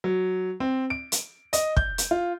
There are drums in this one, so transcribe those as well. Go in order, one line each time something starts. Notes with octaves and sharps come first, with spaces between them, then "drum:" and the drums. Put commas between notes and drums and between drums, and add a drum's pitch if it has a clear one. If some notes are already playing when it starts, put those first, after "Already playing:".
F#3
C4
D7
drum: hi-hat
D#5, drum: hi-hat
G6, drum: kick
drum: hi-hat
F4